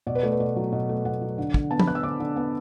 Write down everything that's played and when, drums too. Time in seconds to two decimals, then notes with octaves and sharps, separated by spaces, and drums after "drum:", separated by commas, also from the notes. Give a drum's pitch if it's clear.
0.07 B2 D5
0.15 B4
0.23 A3 D5
0.32 B4
0.40 B2 D5
0.56 F#3
0.72 B2
0.89 A3
1.05 B2 F#5
1.21 F#3
1.38 D3
1.54 D3, drum: kick
1.71 B3 A5
1.80 B5, drum: tom F3
1.87 B3 F#6
1.95 E6
2.03 D3 D6
2.20 D3
2.36 B3